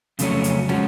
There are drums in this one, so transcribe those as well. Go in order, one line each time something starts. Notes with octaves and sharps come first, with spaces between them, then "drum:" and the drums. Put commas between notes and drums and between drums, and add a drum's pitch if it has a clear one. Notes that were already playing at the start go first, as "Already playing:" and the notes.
F2 C#3 F#3 A3 C#4, drum: hi-hat
drum: hi-hat
F3 G#3 C#4 F#4, drum: snare